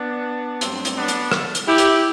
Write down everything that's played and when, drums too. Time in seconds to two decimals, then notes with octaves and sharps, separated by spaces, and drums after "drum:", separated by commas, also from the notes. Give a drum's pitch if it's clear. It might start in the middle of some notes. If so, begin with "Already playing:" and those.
Already playing: B3 D4
0.61 G2 F#3 A3 C4, drum: hi-hat
0.85 drum: hi-hat
0.97 B3 D4
1.08 drum: hi-hat
1.32 drum: rim click
1.55 drum: hi-hat
1.67 E4 G4
1.78 drum: hi-hat